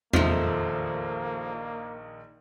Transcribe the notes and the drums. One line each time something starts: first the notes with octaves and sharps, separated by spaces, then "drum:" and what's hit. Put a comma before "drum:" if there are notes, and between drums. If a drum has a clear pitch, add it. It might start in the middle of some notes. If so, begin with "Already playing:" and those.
A#1 D#3 F3 A3 A#3, drum: tom E2